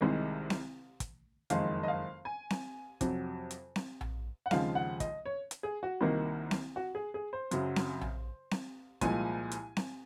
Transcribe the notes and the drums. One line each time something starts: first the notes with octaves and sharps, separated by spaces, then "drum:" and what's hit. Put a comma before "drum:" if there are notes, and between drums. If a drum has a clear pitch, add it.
C2 C3 D#3 G#3
drum: snare C4
drum: kick, hi-hat
F#1 F2 D#3 G#3 F5, drum: hi-hat
D#5
F5
G#5
drum: snare C4
F2 C3 F#3, drum: kick, hi-hat
drum: hi-hat
drum: snare C4
drum: tom A#1
F#5
D#2 C#3 F3 G#3 F5, drum: snare C4
F#5
D#5, drum: kick, hi-hat
C#5
drum: hi-hat
G#4
F#4
C2 C3 D#3 A#3
drum: snare C4
F#4
G#4
G#4
C5
F#2 C#3 F#3, drum: hi-hat
drum: snare C4
drum: tom A#1
drum: snare C4
C2 A#2 F3 G#3 G#5, drum: kick, hi-hat
drum: hi-hat
drum: snare C4